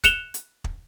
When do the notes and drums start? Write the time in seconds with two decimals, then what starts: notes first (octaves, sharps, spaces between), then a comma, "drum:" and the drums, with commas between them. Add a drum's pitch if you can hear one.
0.04 F#6 C#7 E7 F7 G7, drum: kick, hi-hat
0.34 drum: hi-hat
0.64 drum: kick